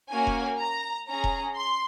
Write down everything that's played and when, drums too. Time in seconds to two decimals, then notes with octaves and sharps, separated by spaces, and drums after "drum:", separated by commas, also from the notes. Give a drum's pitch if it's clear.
0.10 A#3 C#4 F#4 G#5
0.27 drum: kick E1
0.59 A#5
1.08 C#4 G#4 A#5
1.24 drum: kick E1
1.55 C6